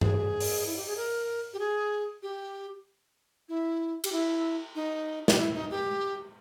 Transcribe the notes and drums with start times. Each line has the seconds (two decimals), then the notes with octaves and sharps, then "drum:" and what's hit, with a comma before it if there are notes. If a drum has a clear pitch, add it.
0.01 G#4, drum: tom G2
0.40 drum: open hi-hat
0.66 E4
0.76 G4
0.87 G#4
0.97 A#4
1.54 G4
1.59 G#4
2.22 G4
3.49 E4
4.04 G4, drum: cymbal
4.12 E4
4.75 D#4
5.28 G4, drum: snare
5.39 E4
5.54 D#4
5.70 G4